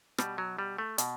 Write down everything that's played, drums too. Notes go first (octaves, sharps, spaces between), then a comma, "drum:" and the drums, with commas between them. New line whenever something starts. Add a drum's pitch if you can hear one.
B2 G3, drum: rim click
F#3
G3
A3
B2, drum: hi-hat